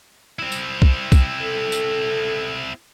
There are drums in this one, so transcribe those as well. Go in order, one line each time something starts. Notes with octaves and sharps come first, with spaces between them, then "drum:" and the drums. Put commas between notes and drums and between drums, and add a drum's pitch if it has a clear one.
C4 E4
drum: tambourine
drum: kick
drum: kick, tambourine
A4
drum: tambourine